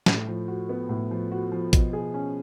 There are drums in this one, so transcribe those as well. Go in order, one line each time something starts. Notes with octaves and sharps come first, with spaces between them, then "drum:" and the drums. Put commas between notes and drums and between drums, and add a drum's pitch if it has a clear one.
A2, drum: snare
F3
F#4
B3
A2
F3
F#4
F3
B2, drum: kick A1, hi-hat
G#4
C#4